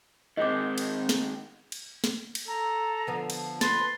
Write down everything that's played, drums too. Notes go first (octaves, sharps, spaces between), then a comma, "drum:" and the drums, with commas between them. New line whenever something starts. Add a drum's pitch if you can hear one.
D#3 G#3 C4 D#5 D6
drum: cymbal
drum: snare
drum: cymbal
drum: snare
drum: cymbal
A4 A#5
D3 F3 B3
drum: cymbal
B4 C6 A6, drum: snare